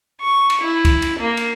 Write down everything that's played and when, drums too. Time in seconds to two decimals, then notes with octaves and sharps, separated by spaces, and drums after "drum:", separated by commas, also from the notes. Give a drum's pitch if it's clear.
0.21 C#6
0.50 drum: cymbal
0.62 E4
0.85 drum: kick, cymbal
1.02 drum: cymbal
1.20 A#3
1.37 drum: cymbal